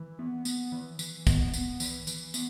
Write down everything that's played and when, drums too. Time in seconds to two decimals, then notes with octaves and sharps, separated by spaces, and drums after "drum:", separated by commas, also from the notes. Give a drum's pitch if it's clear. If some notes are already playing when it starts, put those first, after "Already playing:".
Already playing: E3
0.19 B3
0.45 B3, drum: tambourine
0.72 E3
0.99 E3, drum: tambourine
1.27 B3, drum: kick, tambourine
1.54 B3, drum: tambourine
1.80 E3, drum: tambourine
2.07 E3, drum: tambourine
2.34 B3, drum: tambourine